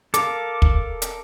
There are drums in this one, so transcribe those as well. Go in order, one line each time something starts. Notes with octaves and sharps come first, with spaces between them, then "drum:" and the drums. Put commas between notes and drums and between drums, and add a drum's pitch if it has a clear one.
A4 A#4 F5 D6, drum: hi-hat
drum: kick
drum: hi-hat